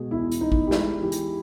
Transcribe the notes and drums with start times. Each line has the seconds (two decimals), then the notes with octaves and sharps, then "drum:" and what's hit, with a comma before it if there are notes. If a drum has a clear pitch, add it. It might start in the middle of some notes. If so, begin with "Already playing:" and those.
Already playing: B2 G#3 G#4
0.11 E2 E4
0.32 drum: hi-hat
0.41 E2 D#4
0.52 drum: kick A1
0.67 G4
0.71 G#3 E4, drum: snare
1.02 E3 G4
1.12 drum: hi-hat